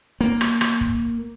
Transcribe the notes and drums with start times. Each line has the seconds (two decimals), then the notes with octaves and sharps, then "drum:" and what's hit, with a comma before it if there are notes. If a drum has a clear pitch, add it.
0.21 A#3
0.41 drum: rim click
0.61 drum: rim click
0.81 drum: kick